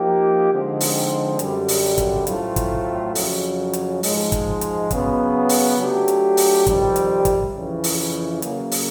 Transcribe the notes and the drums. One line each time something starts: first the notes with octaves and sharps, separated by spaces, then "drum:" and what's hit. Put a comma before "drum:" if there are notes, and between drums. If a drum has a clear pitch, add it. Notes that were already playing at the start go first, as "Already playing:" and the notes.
Already playing: F3 A#3 D#4 G4
D3 F3 G#3 C4 D#4
drum: open hi-hat
F#2 D3 G3, drum: hi-hat
drum: open hi-hat
drum: kick, hi-hat
A2 F#3 A3 C4 F4, drum: hi-hat
drum: kick, hi-hat
F2 C#3 F#3, drum: open hi-hat
drum: hi-hat
G#2 F3 G#3, drum: open hi-hat
drum: kick, hi-hat
drum: hi-hat
C#3 F#3 B3, drum: kick, hi-hat
drum: open hi-hat
F#3 A3 D4 G4
drum: hi-hat
drum: open hi-hat
F2 C3 D#3 G3 C4, drum: kick, hi-hat
drum: hi-hat
drum: kick, hi-hat
F2 C#3 E3
drum: open hi-hat
C#3 F#3 A#3, drum: hi-hat
drum: open hi-hat